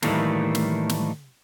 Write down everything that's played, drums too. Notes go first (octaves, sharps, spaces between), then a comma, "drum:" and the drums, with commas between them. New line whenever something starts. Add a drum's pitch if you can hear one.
A2 D#3 E3 G3 A3 A#3, drum: snare
drum: snare
drum: snare